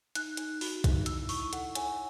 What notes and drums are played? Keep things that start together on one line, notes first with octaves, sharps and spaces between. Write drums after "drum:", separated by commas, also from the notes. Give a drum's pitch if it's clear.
D#4 F#6, drum: hi-hat
D#4, drum: hi-hat
F#4, drum: open hi-hat
D#4, drum: kick, hi-hat
E4 E6, drum: hi-hat
E4 C#6, drum: open hi-hat
A4 F#5, drum: hi-hat
C#5 G#5, drum: hi-hat